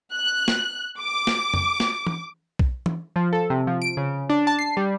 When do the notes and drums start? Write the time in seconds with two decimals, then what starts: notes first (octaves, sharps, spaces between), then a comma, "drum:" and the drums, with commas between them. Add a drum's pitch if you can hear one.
0.13 F#6
0.48 drum: snare
1.01 D6
1.27 drum: snare
1.54 drum: tom F2
1.80 drum: snare
2.07 drum: tom
2.59 drum: kick B1
2.86 drum: tom
3.16 F3
3.33 A4
3.50 C3
3.67 F3
3.82 D7
3.97 C#3
4.30 D4
4.47 A5
4.59 C7
4.77 G3